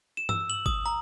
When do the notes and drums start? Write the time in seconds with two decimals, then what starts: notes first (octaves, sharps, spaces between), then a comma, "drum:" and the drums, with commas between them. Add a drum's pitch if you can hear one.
0.17 E7
0.29 E6, drum: tom G2
0.50 F#7
0.66 D#6, drum: kick G#1
0.86 A#5